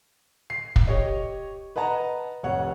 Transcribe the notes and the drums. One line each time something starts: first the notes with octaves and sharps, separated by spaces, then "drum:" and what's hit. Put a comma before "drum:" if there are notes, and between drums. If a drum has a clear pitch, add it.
C7
drum: kick
G4 C#5 D#5
B4 D#5 F#5 A5 A#5
F1 C2 C#5 F#5